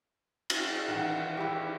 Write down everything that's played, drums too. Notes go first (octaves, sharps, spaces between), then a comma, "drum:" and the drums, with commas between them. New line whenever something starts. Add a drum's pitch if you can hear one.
drum: cymbal
D#3 E3 F#5
E4 G4